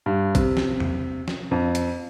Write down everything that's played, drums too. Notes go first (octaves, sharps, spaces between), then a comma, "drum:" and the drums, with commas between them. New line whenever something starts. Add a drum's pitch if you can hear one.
G2
C3, drum: kick A1, hi-hat
drum: snare
drum: tom
drum: snare
F2
drum: hi-hat